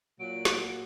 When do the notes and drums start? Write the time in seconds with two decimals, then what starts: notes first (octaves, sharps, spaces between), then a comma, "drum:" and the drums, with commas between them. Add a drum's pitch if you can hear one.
0.20 A#2 F#3 D7
0.45 drum: snare